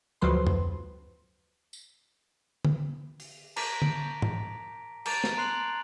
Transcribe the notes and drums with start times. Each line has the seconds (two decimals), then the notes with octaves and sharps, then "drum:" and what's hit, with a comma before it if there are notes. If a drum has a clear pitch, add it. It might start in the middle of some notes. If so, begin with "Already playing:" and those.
0.21 D2 F3 F#3 B4 C5 C6
0.47 drum: tom F2
1.73 drum: tambourine
2.65 drum: tom D3
3.20 drum: open hi-hat
3.56 A5 A#5 D6 A#6 B6, drum: cymbal
3.82 D7, drum: tom D3
4.22 drum: tom
5.06 A5 A#5 D6 A6 D7 F7, drum: cymbal
5.24 drum: snare
5.37 A#5 C6 F#6 C7 F7 F#7